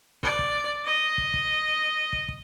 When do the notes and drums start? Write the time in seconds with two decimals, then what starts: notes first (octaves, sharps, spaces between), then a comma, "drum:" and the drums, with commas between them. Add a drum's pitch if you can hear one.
0.23 D5, drum: kick
0.39 drum: kick
0.86 D#5
1.18 drum: kick
1.34 drum: kick
2.13 drum: kick
2.29 drum: kick